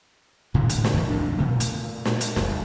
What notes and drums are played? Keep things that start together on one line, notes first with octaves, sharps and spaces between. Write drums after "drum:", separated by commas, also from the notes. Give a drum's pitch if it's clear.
A2 D3 E3 G#3
drum: hi-hat
drum: snare
F#2 D#3
B1 F2 A2 D4
A#2 A3
drum: hi-hat
drum: snare
drum: hi-hat
D#1 G#1, drum: snare